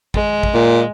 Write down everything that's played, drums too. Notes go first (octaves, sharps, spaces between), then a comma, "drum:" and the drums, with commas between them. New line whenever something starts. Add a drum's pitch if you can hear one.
G#3, drum: kick
drum: kick
A#2